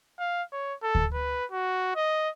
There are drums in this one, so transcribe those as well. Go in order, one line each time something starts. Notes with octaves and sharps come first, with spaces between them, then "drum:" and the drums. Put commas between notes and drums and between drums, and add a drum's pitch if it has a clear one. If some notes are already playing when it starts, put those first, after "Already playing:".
F5
C#5
A4
drum: kick D2
B4
F#4
D#5